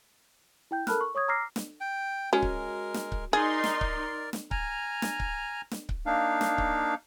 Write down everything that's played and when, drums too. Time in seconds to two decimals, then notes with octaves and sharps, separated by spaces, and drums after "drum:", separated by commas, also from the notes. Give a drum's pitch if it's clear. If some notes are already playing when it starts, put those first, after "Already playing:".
0.71 E4 G5 G6
0.87 A4 A#4 A5 B5 F6 F#6, drum: snare
1.01 C#6
1.15 C#5 C#6 D#6 G#6
1.28 A#5 D6 E6 F6 A#6 C7
1.56 drum: snare
1.81 G5
2.33 G#3 C#4 F#4 A#4 G#5
2.42 drum: kick C#1
2.94 drum: snare
3.12 drum: kick C#1
3.33 D#4 G#4 A#4 D5 C6
3.64 drum: snare
3.81 drum: kick C#1
4.33 drum: snare
4.51 G#5 A#5 F6, drum: kick C#1
5.02 drum: snare
5.20 drum: kick C#1
5.71 drum: snare
5.89 drum: kick C#1
6.06 A#3 D4 D#4 F5
6.41 drum: snare
6.58 drum: kick C#1